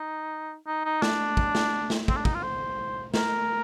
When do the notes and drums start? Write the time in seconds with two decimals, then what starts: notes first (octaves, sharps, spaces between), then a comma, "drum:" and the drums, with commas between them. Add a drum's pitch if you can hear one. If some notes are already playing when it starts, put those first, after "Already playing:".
Already playing: D#4
0.67 D#4
0.85 D#4
1.02 D4, drum: snare
1.37 drum: kick
1.55 drum: snare
1.90 drum: snare
2.08 C4, drum: kick
2.16 D4
2.25 D#4, drum: kick
2.34 F4
2.43 C5
3.14 A#4, drum: snare